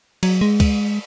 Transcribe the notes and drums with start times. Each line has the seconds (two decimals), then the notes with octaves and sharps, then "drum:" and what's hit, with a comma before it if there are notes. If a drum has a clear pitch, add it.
0.23 F#3, drum: cymbal
0.41 G#3
0.60 drum: kick, cymbal